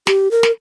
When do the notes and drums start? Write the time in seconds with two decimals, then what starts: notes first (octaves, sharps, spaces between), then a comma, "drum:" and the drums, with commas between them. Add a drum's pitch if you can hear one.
0.07 G4, drum: snare
0.31 A#4
0.43 drum: snare